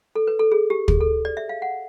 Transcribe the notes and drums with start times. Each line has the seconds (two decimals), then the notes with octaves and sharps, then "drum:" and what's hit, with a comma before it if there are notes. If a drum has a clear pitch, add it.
0.15 A4
0.27 B4
0.39 A4
0.52 G#4
0.70 G4
0.88 G#4, drum: kick
1.01 A4
1.25 D5
1.37 E5
1.49 F5
1.62 F#5